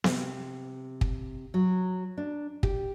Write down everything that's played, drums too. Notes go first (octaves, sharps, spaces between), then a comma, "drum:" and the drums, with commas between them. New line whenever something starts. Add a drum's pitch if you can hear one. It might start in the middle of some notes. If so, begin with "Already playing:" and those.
C3, drum: snare B3
drum: kick
F#3
D4
G4, drum: kick